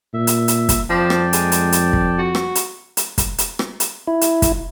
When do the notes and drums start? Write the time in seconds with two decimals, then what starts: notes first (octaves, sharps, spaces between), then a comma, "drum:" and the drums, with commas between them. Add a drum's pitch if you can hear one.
0.14 A#2 E5
0.27 drum: hi-hat
0.48 drum: hi-hat
0.69 drum: kick, hi-hat
0.89 F2 F3 D5 G5 A5
1.10 drum: rim click
1.33 G#3, drum: hi-hat
1.52 drum: hi-hat
1.72 drum: hi-hat
1.93 drum: kick
2.19 F#4
2.35 drum: rim click
2.55 drum: hi-hat
2.97 drum: hi-hat
3.18 drum: kick, hi-hat
3.38 drum: hi-hat
3.59 drum: rim click
3.80 drum: hi-hat
4.07 E4
4.21 drum: hi-hat
4.42 drum: kick, hi-hat